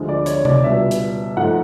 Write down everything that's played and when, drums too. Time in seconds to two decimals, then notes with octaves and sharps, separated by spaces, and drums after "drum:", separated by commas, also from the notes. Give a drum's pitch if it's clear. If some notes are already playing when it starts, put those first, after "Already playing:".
Already playing: D2 D3 F3 G#3
0.09 D5
0.26 C#5, drum: hi-hat
0.45 D5, drum: tom C3
0.64 C#2 B2 G3 E5
0.91 drum: hi-hat
1.37 G#2 F3 A3 F#5